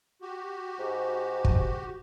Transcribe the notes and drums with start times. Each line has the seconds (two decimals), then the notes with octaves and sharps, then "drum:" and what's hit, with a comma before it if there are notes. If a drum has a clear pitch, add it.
0.22 F#4 G4
0.79 G#2
1.45 drum: kick